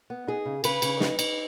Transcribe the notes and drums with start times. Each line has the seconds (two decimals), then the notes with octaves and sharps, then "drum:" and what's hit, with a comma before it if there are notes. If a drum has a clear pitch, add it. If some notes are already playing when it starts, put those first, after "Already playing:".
0.10 B3
0.27 D#4 G#4
0.46 C#3
0.64 C#3 B4, drum: cymbal
0.82 C#3, drum: cymbal
1.00 D#4, drum: snare
1.19 D#4, drum: cymbal